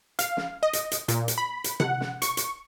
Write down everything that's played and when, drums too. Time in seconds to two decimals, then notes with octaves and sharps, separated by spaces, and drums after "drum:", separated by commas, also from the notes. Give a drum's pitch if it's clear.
0.19 F5, drum: hi-hat
0.37 drum: snare
0.63 D#5
0.73 drum: hi-hat
0.91 drum: hi-hat
1.08 A#2, drum: hi-hat
1.28 drum: hi-hat
1.38 B5
1.64 drum: hi-hat
1.80 F#5, drum: tom C3
2.01 drum: snare
2.22 C#6, drum: hi-hat
2.37 drum: hi-hat